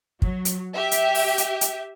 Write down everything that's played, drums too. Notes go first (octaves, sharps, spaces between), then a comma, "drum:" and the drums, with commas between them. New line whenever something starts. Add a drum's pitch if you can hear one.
F#3, drum: kick
drum: hi-hat
G4 E5
drum: hi-hat
drum: open hi-hat
drum: hi-hat
drum: hi-hat